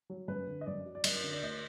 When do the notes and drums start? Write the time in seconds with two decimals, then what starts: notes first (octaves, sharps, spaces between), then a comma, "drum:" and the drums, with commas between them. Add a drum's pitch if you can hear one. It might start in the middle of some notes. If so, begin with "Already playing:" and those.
0.10 F#3
0.28 F#2 B4
0.47 D3
0.61 D#5
0.66 F#2 D5
0.86 F#3
0.95 D5
1.04 F#2 D#5, drum: cymbal
1.23 D3
1.33 D5
1.42 D2 D#5